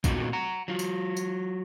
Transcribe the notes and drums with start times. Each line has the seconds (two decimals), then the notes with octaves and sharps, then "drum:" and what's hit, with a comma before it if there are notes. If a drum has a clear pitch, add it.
0.04 A#2 A3 C4 D#4 F4 F#4, drum: kick A#1, tambourine
0.33 F#5 A#5
0.68 F#3 F4
0.79 drum: tambourine
1.17 drum: tambourine